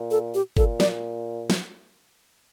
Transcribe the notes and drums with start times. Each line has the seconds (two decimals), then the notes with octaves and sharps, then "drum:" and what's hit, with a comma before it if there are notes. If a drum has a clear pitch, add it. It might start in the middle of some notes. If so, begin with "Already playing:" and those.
Already playing: A#2
0.11 A4
0.34 G4
0.57 A#2 A4, drum: kick G1
0.80 D5, drum: snare
1.50 drum: snare